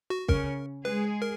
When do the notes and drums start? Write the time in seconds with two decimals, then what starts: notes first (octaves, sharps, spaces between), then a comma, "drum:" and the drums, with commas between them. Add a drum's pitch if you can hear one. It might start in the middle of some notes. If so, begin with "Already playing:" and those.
0.10 F#4
0.28 C#3 C#4 A#4, drum: kick
0.85 G#3 G#4 B4
1.22 A#4